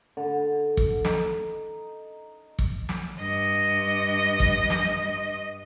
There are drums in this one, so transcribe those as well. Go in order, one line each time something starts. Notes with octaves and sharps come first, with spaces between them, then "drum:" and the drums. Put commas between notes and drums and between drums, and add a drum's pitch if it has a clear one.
D3
drum: kick
D#4, drum: snare
drum: kick
drum: snare
G2 D#5
drum: kick
drum: snare